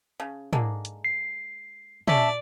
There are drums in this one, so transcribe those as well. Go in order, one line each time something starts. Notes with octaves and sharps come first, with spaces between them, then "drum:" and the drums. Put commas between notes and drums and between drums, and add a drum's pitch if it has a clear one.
C#3
D3 G#3 A#3, drum: tom
drum: hi-hat
C7
C#4 A4 D5 E5 A5 B6, drum: tom